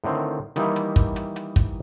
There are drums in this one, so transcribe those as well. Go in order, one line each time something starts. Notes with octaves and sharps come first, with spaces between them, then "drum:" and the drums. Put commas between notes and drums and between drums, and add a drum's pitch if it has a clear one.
A2 D3 D#3 C4
D#3 E3 G3 A#3 D#4 E4, drum: hi-hat
drum: hi-hat
drum: kick, hi-hat
drum: hi-hat
drum: hi-hat
drum: kick, hi-hat